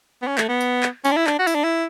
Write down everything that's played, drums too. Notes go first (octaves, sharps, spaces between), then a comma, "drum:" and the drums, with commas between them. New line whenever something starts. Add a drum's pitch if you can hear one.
B3
C#4
A3, drum: clap
B3
drum: tambourine
drum: clap
C#4, drum: tambourine
D4
E4
D4, drum: clap
F#4
E4, drum: tambourine
D4
E4